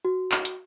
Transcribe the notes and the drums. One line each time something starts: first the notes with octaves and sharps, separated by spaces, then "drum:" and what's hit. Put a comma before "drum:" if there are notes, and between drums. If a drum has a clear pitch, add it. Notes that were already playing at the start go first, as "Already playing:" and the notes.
F#4
drum: clap
drum: hi-hat